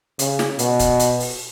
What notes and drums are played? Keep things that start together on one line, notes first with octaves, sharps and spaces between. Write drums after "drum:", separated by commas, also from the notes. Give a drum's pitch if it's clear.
C#3, drum: hi-hat
drum: snare
B2, drum: hi-hat
drum: kick, hi-hat
drum: hi-hat
drum: open hi-hat